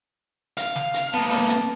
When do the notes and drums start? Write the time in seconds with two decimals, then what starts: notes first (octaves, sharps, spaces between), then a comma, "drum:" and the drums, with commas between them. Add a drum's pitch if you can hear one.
0.57 F5, drum: hi-hat
0.76 drum: snare
0.94 drum: hi-hat
1.14 A#3 B3 A5
1.30 drum: open hi-hat
1.48 drum: hi-hat